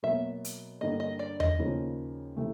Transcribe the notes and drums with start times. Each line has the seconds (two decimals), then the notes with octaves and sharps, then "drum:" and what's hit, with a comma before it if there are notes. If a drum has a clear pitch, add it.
0.03 B2 F#3 A#3 E5
0.45 drum: hi-hat
0.81 G2 D3 G3 A#3 D#5
1.00 D#5
1.19 D5
1.40 D#5, drum: tom E2
1.58 D#2 C#3 F3 A#3 D#4
2.36 C3 E3 A3